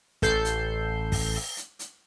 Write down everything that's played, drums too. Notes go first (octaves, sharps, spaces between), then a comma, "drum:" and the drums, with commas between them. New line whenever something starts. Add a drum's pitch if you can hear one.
A1 A4 G6 C7, drum: kick, hi-hat
drum: hi-hat
drum: kick, open hi-hat
drum: open hi-hat
drum: hi-hat
drum: hi-hat